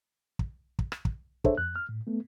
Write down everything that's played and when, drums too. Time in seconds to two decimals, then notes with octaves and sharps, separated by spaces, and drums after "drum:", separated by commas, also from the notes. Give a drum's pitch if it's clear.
0.39 drum: kick
0.79 drum: kick
0.92 drum: rim click
1.05 drum: kick
1.44 D4 G#4 A4 C5 C#5 E5, drum: kick
1.57 F2 F#6
1.76 F6
1.89 A2
2.07 A3 B3